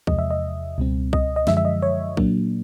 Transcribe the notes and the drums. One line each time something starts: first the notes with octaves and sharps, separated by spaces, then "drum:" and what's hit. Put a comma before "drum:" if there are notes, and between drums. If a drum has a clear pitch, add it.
E2 C3 F3 G#3 D#5, drum: kick B1
E5
D#5
C#2 B2 G3 C4
D#5, drum: kick B1
D#5
F#2 D3 F3 G#3 E5, drum: snare
E5
D#5
C#5
A#2 F#3 A#3 D4, drum: kick B1